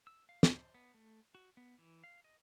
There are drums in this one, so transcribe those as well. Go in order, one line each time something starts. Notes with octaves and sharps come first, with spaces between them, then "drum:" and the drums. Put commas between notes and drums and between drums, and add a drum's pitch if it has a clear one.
E6
F5
C5, drum: snare
B3
A3
F#4
B3
E3
F5
D#5